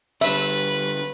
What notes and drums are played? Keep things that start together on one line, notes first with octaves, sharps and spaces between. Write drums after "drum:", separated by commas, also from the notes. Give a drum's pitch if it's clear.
D3 G3 B4 E5, drum: cymbal